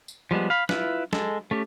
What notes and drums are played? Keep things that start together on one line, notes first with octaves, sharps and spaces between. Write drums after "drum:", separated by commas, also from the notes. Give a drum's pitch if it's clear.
drum: tambourine
F3 G3 G#3 B3
F5 B5
E4 F4 B4, drum: snare
G#3 A4, drum: snare
A3 C#4 G4